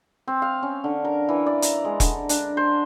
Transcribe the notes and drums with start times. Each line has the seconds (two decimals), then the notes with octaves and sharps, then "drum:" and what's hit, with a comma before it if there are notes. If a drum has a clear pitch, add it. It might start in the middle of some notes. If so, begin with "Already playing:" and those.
0.27 C4
0.42 F5
0.63 C#4
0.84 D3
1.05 A#4
1.29 E3
1.46 D5
1.62 A#5, drum: hi-hat
1.85 G#3
2.00 D3, drum: kick E1, hi-hat
2.29 D4, drum: hi-hat
2.57 C5